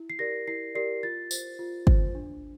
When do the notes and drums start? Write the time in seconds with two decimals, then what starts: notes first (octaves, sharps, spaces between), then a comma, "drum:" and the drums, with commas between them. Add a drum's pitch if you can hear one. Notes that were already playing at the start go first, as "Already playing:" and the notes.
Already playing: E4
0.10 C7
0.19 G4 A#4 D5 A#6
0.48 E4 C7
0.75 G4 A#4 D5 C7
1.03 F4 A6
1.31 C5, drum: tambourine
1.59 F4
1.87 C5, drum: kick
2.15 D4